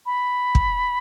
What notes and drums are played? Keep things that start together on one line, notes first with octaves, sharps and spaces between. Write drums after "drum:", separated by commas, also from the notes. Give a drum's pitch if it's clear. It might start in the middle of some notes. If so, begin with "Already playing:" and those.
B5
drum: kick